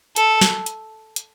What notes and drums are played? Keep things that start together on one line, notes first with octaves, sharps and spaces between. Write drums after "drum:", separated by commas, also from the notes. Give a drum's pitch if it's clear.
A4, drum: hi-hat
drum: snare
drum: hi-hat
drum: hi-hat